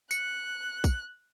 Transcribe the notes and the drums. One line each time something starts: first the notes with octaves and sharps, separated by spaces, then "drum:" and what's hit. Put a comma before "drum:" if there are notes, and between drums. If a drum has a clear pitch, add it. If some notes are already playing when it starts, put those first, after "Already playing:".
F#6 C#7, drum: tambourine
drum: kick, tambourine